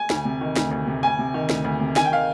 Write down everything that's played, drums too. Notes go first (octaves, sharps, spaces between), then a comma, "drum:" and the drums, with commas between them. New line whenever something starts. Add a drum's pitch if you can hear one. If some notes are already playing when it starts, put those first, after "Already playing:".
Already playing: G#5
D2, drum: snare
C3
D#3
D2, drum: snare
D2
C3
D2 G#5
C3
D#3
D2, drum: snare
D2
C3
D#3 G#5, drum: snare
G5
D#3 F5